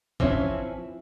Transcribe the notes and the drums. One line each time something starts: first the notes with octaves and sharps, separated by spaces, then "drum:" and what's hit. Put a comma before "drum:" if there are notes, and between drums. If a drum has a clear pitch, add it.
E3 F3 C4 C#4 E4, drum: kick